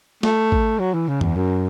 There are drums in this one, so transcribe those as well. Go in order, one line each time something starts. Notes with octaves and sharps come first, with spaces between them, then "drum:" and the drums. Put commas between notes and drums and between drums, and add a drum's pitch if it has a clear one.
A3, drum: snare
drum: kick G#1
F#3
E3
C#3
E2, drum: tom F#2
F#2